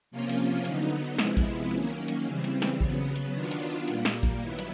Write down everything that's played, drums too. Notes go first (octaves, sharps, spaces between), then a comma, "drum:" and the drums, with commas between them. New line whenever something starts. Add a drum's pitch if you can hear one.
C3 F3 A#3 C#4 F4
drum: hi-hat
D3 F#3 B3 D#4, drum: hi-hat
C3 F3 G#3 B3 E4, drum: snare
drum: kick A#1, open hi-hat
D#3 F#3 A#3 C#4
drum: hi-hat
C#3 E3 G3 C4
drum: hi-hat
drum: snare
C#3 F#3 B3, drum: kick A#1
drum: hi-hat
D#3 F#3 B3 D4 F4
drum: hi-hat
A#2 G3 A#3, drum: hi-hat
drum: snare
drum: kick A#1, open hi-hat
G2 D#3 F#3 B3 E4
drum: hi-hat